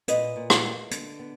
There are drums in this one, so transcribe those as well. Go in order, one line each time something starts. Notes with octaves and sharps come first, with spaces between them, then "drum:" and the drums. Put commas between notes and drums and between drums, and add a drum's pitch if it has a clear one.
A#2 B4 D#5, drum: hi-hat
A#2
drum: rim click
A#3
D3, drum: hi-hat
B3